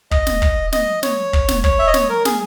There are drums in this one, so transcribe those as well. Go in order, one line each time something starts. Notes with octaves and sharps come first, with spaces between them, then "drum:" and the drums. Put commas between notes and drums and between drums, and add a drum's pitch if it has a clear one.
D#5, drum: kick
drum: snare
drum: kick
D#5, drum: snare
C#5, drum: snare
drum: kick
drum: snare
C#5, drum: kick
E5
D#5
C#5, drum: snare
A#4
G#4, drum: snare